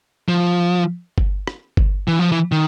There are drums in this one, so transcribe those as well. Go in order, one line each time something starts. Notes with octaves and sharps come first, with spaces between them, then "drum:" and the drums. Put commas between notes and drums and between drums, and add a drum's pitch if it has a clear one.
F3
drum: kick G1
drum: rim click
drum: kick G1
E3
F3
E3
D#3